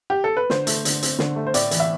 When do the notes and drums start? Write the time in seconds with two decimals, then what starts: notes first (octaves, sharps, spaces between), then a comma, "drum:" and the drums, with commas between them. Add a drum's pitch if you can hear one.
0.10 G4
0.24 A4
0.37 B4
0.50 D3 C5, drum: snare
0.67 A3, drum: hi-hat
0.85 D3, drum: hi-hat
1.02 C4, drum: hi-hat
1.19 D3, drum: snare
1.36 A3
1.47 C5
1.54 A2 D5, drum: hi-hat
1.71 E3, drum: hi-hat
1.80 E5